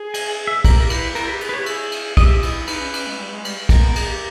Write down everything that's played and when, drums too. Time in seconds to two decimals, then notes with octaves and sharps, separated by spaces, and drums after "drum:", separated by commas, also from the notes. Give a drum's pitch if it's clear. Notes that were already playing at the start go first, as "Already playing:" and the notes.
Already playing: G#4
0.14 G#5, drum: cymbal
0.47 E5
0.65 G4 A#4, drum: kick, cymbal
0.81 G4 A#4
0.90 E4 B4, drum: cymbal
1.15 E4 A#4, drum: cymbal
1.28 G4 B4
1.41 G#4, drum: cymbal
1.49 B4
1.54 G4 C#5
1.66 G#4 E5, drum: cymbal
1.92 drum: cymbal
2.17 G4 D#5, drum: kick, cymbal
2.26 E5
2.34 D#5
2.43 E4, drum: cymbal
2.67 D#4 B4, drum: cymbal
2.81 C#4
2.93 C#4, drum: cymbal
3.07 G#3
3.19 G3
3.31 G#3
3.45 G3, drum: cymbal
3.69 G#3 A#4, drum: kick, cymbal
3.83 B3
3.95 G#4, drum: cymbal
4.08 G4